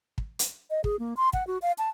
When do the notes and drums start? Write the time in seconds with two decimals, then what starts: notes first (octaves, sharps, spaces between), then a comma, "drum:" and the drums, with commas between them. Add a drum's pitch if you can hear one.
0.18 drum: kick
0.39 drum: hi-hat
0.70 D#5
0.84 G#4, drum: kick
0.99 A#3
1.17 C6
1.33 F#5, drum: kick
1.47 F#4
1.62 F5
1.78 A5